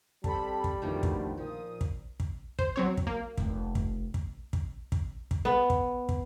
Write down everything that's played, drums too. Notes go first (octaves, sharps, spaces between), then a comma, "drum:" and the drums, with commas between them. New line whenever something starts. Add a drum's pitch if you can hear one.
G3 C4 A4 A5 B5, drum: kick
drum: kick
F2 B2 D#3 F3 A3 A#3 D4
drum: kick
A#1 A#2 F3 D#6
drum: kick
drum: kick
C5, drum: kick
F#3 C4 C#5
drum: kick
A#3
F1 C4, drum: kick
drum: kick
drum: kick
drum: kick
drum: kick
drum: kick
B3
drum: kick
drum: kick